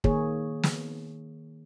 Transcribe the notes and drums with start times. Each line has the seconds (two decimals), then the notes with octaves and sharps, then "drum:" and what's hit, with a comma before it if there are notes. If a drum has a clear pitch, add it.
0.04 D#3 A#3 G#4 C#5, drum: kick
0.63 drum: snare